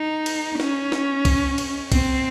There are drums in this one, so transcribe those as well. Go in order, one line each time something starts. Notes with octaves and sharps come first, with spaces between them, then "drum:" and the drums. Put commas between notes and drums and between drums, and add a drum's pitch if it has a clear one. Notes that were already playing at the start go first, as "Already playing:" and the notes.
Already playing: D#4
drum: cymbal
C#4, drum: snare
drum: snare
drum: kick, cymbal
drum: cymbal
C4, drum: kick, cymbal